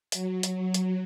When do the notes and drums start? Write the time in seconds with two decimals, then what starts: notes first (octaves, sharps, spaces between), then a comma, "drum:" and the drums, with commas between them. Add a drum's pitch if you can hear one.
0.12 F#3, drum: hi-hat
0.43 drum: hi-hat
0.74 drum: hi-hat